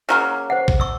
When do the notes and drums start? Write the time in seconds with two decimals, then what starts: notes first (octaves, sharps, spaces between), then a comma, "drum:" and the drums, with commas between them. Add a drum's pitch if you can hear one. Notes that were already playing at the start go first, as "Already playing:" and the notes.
0.09 C#3 F#3 A#3
0.50 C5 F#5
0.68 drum: kick A#1
0.80 C#6 E6